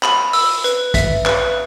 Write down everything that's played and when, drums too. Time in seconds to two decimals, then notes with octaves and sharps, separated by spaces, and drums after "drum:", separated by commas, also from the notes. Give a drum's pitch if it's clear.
0.03 B5, drum: clap
0.33 E6, drum: open hi-hat
0.64 B4, drum: hi-hat
0.94 E5, drum: kick, hi-hat
1.26 B4, drum: clap